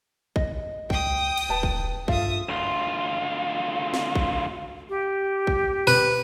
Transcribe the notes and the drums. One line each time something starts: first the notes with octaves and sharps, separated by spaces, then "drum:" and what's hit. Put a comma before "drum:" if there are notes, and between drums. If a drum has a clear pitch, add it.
D#5, drum: kick
C#2 G5 D#6, drum: kick
drum: cymbal
D#1 B4 A5
drum: kick
G2 F4 A4 E5 F5 D#6, drum: kick
D2 F4
drum: snare
drum: kick
G4
drum: kick
B4, drum: snare